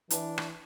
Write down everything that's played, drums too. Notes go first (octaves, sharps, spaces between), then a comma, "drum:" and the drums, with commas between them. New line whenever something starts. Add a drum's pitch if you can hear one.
E3 D4, drum: hi-hat
drum: rim click